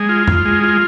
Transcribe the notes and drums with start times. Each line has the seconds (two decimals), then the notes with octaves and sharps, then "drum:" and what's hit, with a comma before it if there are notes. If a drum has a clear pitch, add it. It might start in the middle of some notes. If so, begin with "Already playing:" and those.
Already playing: G#3
0.09 F4
0.28 F4, drum: tom
0.45 G#3
0.63 F4